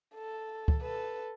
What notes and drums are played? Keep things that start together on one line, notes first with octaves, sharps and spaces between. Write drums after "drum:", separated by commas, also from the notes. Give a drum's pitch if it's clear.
A4
drum: kick C#2
A4 B4